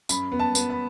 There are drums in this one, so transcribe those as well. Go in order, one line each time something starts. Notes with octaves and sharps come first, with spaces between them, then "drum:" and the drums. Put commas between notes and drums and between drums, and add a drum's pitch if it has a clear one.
F#2 B5, drum: tambourine
B3
A5
B3, drum: tambourine
B5